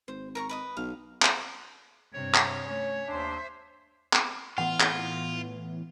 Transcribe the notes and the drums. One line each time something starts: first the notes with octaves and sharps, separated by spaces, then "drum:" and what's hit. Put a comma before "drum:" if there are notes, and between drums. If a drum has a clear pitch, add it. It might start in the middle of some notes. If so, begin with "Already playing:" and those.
G#1 C5
A#4 A#5 C#6
B4 D#5 D#6
B1 F5
drum: clap
G2 C3 C#5
drum: clap
A3 C#4
D#2 D4 C5 E5 C6
drum: clap
A2 E3 B3 F4 F#5
drum: clap